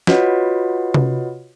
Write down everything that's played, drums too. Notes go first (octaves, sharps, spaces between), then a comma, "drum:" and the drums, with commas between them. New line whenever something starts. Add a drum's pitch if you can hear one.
F4 F#4 B4 C#5 D#5 F#5, drum: snare
drum: tom C3